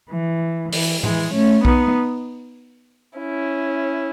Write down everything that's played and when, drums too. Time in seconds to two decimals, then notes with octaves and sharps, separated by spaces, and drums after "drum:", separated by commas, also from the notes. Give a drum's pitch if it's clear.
0.11 E3
0.72 E3, drum: open hi-hat
1.03 E3 G#3, drum: tom
1.34 A3 C#4
1.65 B3 D#4, drum: kick B1
3.19 C#4 E4